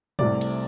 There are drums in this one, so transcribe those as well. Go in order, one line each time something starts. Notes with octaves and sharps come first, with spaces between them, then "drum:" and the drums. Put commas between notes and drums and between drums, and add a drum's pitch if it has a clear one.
C2 C3 A3 D5, drum: tom
drum: cymbal